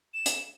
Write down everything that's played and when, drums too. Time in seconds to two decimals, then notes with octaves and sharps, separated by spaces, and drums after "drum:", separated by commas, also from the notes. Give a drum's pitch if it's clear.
0.14 E7
0.26 drum: hi-hat